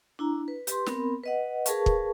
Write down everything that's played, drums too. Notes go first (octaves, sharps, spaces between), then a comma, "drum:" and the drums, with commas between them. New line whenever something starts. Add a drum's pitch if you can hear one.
D4 E4 A#5
B4
G4 B4 C6, drum: hi-hat
B3 C4 A#4 B5, drum: snare
B4 D#5 F#5
G#4 A#4 B4 F5 A5 C#6, drum: hi-hat
drum: kick